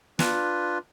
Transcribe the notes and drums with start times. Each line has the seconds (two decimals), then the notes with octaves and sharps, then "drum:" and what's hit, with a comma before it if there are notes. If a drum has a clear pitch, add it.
0.19 D4 F4 B4, drum: snare